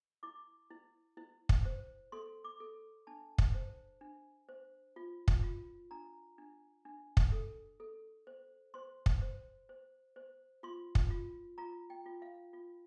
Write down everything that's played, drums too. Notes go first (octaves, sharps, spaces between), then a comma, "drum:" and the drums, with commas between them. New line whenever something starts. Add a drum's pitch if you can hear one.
E4 D6
E4
E4
drum: kick
C5
A4 C6
D6
A4
D4 A5
drum: kick
C5
D4
C5
F4
drum: kick
F4
D4 A#5
D4
D4
drum: kick
A4
A4
C5
C5 C6
drum: kick
C5
C5
C5
F4 C6
drum: kick
F4
F4 A#5
G5
F4
F5
F4